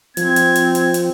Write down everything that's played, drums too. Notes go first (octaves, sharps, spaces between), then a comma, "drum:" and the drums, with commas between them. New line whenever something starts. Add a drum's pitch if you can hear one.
F3 C4 G#6, drum: hi-hat
drum: hi-hat
drum: hi-hat
drum: hi-hat
drum: hi-hat